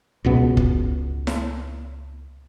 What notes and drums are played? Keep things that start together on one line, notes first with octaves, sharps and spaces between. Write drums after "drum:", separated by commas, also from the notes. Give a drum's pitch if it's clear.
C#2 B2 B3
drum: kick
drum: snare E4